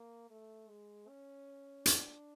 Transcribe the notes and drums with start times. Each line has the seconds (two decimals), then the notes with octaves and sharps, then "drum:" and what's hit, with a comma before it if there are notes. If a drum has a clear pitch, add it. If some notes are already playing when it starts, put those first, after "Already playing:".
Already playing: A#3
0.30 A3
0.68 G#3
1.08 C#4
1.86 D4, drum: hi-hat